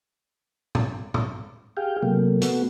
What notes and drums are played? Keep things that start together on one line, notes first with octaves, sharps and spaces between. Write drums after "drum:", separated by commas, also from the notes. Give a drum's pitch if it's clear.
drum: tom
drum: tom
G4 G#4 F5 G5
C3 F#3 A3 A#3
A3 B3 F#4, drum: hi-hat